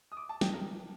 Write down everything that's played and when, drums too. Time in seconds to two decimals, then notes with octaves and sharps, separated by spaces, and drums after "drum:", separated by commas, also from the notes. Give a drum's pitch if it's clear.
0.12 D#6
0.17 D6
0.29 A5
0.41 G5, drum: snare
0.53 A#4